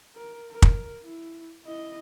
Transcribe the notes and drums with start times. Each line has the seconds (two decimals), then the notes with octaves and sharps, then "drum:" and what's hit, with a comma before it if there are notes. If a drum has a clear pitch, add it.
0.16 A#4
0.51 A#4
0.62 drum: kick
1.03 E4
1.65 E4 D#5